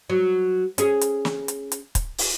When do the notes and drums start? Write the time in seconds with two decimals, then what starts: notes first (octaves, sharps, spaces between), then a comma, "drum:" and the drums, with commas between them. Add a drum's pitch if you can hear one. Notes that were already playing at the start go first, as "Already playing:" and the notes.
0.10 F#3
0.78 C#4 G#4, drum: hi-hat
1.01 drum: hi-hat
1.25 drum: snare
1.48 drum: hi-hat
1.72 drum: hi-hat
1.95 drum: kick, hi-hat
2.18 drum: open hi-hat